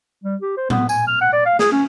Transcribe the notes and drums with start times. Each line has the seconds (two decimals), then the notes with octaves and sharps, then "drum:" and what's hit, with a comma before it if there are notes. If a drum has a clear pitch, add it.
0.24 G3
0.42 G4
0.57 C5
0.70 B3, drum: tom A2
0.89 G#5, drum: tambourine
1.07 F6
1.21 F#5
1.33 D5
1.45 F5
1.59 G#4, drum: snare
1.72 C#4